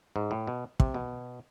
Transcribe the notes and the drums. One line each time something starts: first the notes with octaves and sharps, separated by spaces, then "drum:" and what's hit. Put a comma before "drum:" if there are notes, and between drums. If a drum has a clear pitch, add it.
G#2
A2
B2
C3, drum: kick
B2